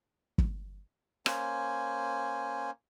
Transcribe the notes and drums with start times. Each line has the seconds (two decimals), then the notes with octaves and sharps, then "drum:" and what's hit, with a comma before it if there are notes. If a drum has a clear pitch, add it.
0.38 drum: kick
1.26 A#3 C#4 C5 G#5, drum: rim click